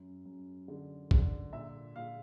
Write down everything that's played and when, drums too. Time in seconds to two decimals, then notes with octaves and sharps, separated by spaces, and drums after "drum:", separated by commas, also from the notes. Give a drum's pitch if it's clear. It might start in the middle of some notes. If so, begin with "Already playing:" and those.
Already playing: F#2
0.25 F#2
0.68 D3
1.11 D3, drum: kick
1.53 A#2 E5
1.95 A#2 F5